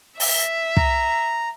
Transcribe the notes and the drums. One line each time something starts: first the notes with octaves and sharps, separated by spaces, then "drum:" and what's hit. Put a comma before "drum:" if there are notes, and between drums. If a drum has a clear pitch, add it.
E5, drum: open hi-hat
A#5, drum: kick